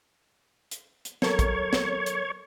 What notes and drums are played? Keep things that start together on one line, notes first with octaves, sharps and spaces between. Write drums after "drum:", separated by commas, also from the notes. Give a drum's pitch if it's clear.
drum: hi-hat
drum: hi-hat
F#3 A4 A#4 C#5, drum: snare
drum: kick, hi-hat
drum: snare
drum: hi-hat